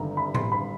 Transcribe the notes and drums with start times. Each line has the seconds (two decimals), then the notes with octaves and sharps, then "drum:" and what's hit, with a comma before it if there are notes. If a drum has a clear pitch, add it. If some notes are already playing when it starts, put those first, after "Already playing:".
Already playing: G1 G2 D#3 A#5
0.17 B5
0.35 C6, drum: tom A2
0.52 B5